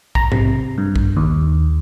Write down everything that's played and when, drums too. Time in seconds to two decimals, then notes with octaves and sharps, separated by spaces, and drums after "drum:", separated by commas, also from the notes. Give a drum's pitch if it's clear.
0.15 A#5, drum: kick
0.32 C3, drum: tom G#2
0.78 G2
0.96 drum: kick
1.17 D#2